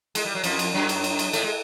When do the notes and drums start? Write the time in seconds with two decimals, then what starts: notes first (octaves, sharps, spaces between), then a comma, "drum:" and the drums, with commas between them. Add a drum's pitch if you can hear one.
0.15 G#3, drum: cymbal
0.25 G3
0.35 F#3
0.44 F2 F3, drum: cymbal
0.59 drum: cymbal
0.74 F#2 F#3
0.89 drum: cymbal
1.04 drum: cymbal
1.19 drum: cymbal
1.33 A2 A3, drum: cymbal
1.44 G#3